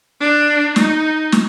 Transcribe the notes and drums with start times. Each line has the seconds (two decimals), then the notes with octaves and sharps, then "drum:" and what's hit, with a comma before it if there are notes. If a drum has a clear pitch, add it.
0.20 D4
0.76 D#4, drum: snare
1.32 drum: snare